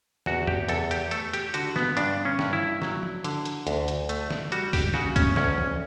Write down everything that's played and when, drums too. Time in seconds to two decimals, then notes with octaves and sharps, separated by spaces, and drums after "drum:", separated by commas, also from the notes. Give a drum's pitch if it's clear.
0.26 E2 F#4, drum: snare
0.47 G4, drum: tom F2
0.69 E2 A4, drum: hi-hat
0.91 G4, drum: hi-hat
1.11 A3 A4, drum: hi-hat
1.33 G4, drum: hi-hat
1.54 D3 F#4, drum: hi-hat
1.76 B3, drum: snare
1.97 G2 D4, drum: hi-hat
2.25 C#4
2.39 G2, drum: snare
2.53 E4
2.82 F#3, drum: snare
3.03 drum: tom F3
3.24 D3, drum: hi-hat
3.45 drum: hi-hat
3.67 D2, drum: hi-hat
3.88 drum: hi-hat
4.09 A3, drum: hi-hat
4.30 drum: snare
4.52 G3 F#4, drum: hi-hat
4.73 G4, drum: kick, open hi-hat
4.94 C#3 F#4, drum: snare
5.16 C#4, drum: kick, hi-hat
5.36 D2 C#4, drum: snare
5.58 drum: tom E3